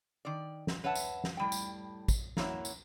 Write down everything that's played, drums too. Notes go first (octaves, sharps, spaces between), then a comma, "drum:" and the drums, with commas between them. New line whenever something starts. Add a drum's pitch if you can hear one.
D#3 D5
drum: snare
B4 C#5 E5 F#5 A5
drum: tambourine
drum: snare
A2 G3 G5
drum: tambourine
drum: kick, tambourine
A#3 E4 F#4 B4 C#5 E5, drum: snare
drum: tambourine